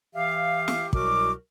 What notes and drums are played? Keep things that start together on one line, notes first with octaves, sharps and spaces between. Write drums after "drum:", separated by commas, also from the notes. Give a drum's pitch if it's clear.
E3 G4 E5 F5
drum: snare
C2 B2 F#3 F#4 A#4 D6, drum: kick